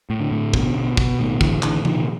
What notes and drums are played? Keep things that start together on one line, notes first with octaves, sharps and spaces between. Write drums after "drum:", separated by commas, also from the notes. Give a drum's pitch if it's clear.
A2
D3
A2
B2, drum: kick
B2
B2, drum: kick
A2 D#3
A2 D3 E3, drum: kick
A2 D3 E3, drum: clap
A#2 D#3 F3, drum: tom C3